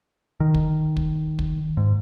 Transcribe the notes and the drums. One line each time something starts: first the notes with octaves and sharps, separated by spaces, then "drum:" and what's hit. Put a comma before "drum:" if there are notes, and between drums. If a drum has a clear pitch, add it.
D#3
drum: kick
drum: kick
drum: kick
G#2